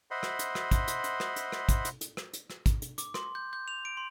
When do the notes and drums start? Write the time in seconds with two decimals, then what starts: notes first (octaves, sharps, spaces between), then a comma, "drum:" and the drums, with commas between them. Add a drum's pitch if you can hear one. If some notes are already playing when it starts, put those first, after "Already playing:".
0.11 C5 D#5 E5 F#5 B5 C6
0.23 drum: rim click
0.39 drum: hi-hat
0.55 drum: rim click
0.71 drum: kick, hi-hat
0.88 drum: hi-hat
1.04 drum: hi-hat
1.20 drum: rim click
1.36 drum: hi-hat
1.52 drum: rim click
1.69 drum: kick, hi-hat
1.85 drum: hi-hat
2.01 drum: hi-hat
2.17 drum: rim click
2.33 drum: hi-hat
2.50 drum: rim click
2.66 drum: kick, hi-hat
2.82 drum: hi-hat
2.98 D6, drum: hi-hat
3.14 C6, drum: rim click
3.35 G6
3.53 G6
3.68 F7
3.85 D7
3.97 C6